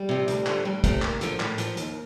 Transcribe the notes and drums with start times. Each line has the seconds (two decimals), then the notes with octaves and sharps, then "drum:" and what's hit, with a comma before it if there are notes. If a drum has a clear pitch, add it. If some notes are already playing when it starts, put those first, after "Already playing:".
Already playing: G3
0.09 C3 F3
0.28 D2, drum: hi-hat
0.46 D3 F3, drum: clap
0.65 D2 G3
0.84 C3 F3 A3, drum: kick, hi-hat
1.02 D2 A#3, drum: clap
1.21 D3 F3, drum: hi-hat
1.40 A2, drum: clap
1.58 F3, drum: hi-hat
1.77 D#2, drum: hi-hat